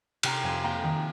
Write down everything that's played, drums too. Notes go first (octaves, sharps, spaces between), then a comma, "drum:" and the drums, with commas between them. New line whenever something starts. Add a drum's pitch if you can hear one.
C3 G5 A#5, drum: cymbal
F2 G#5 C6
A#3 G5 A#5
D#3